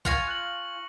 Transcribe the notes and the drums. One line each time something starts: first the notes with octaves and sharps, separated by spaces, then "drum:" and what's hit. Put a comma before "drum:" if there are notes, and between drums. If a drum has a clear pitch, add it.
F4 F5 G#5 C#6 A#6 C#7, drum: kick A#1
F#6 F#7